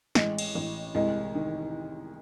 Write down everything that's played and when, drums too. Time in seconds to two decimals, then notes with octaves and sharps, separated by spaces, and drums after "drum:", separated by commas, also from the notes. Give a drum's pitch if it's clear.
0.15 A1 G#3, drum: snare
0.38 drum: cymbal
0.55 A1
0.95 C2 G#3
1.35 D#3